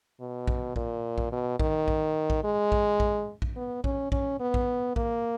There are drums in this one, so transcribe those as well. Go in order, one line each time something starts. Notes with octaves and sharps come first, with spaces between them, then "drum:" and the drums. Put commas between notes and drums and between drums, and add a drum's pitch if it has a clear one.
B2
drum: kick A#1
A#2, drum: kick A#1
drum: kick A#1
B2
D#3, drum: kick A#1
drum: kick A#1
drum: kick A#1
G#3
drum: kick A#1
drum: kick A#1
drum: kick A#1
B3
C#4, drum: kick A#1
C#4, drum: kick A#1
B3
drum: kick A#1
A#3, drum: kick A#1